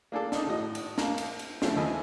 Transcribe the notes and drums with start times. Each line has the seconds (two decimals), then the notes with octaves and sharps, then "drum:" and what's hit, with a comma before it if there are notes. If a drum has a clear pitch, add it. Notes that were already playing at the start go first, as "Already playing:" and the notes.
0.12 A#3 D4 G#4 A4
0.32 D#4 D5, drum: snare
0.46 G#1 A2 F#4 D#5
0.75 drum: cymbal
0.98 A#3 A#5, drum: snare
1.18 drum: cymbal
1.39 drum: cymbal
1.62 C#3 F3 A3 C4 E4, drum: snare
1.76 D#2 E3 E4 A4 D#5 G#5